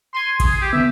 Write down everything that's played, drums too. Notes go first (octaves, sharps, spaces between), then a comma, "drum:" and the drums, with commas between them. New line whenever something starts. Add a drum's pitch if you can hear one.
C6 G#6 D#7
G#4, drum: kick A1, cymbal
G4
D3 B3 E5